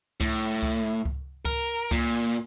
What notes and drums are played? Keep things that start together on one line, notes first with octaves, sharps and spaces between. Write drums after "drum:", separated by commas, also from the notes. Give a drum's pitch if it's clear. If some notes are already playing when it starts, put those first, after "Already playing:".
A2, drum: kick C#2
drum: kick C#2
drum: kick C#2
A#4, drum: kick C#2
A#2, drum: kick C#2